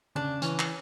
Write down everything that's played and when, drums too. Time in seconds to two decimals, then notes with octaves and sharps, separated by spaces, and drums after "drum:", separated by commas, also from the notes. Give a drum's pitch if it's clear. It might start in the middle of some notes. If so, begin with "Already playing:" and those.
0.15 C#3 D4
0.42 E3 C#4, drum: hi-hat
0.59 drum: clap